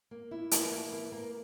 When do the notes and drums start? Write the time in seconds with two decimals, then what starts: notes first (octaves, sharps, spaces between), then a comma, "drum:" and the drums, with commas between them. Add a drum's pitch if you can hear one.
0.11 A#3
0.31 E4
0.51 E3 A#3, drum: hi-hat
0.71 A#3
0.92 A#3
1.12 A#3